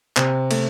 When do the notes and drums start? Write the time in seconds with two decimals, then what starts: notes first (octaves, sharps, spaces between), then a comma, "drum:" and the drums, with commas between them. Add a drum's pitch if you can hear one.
0.17 C3, drum: clap
0.51 A3, drum: cymbal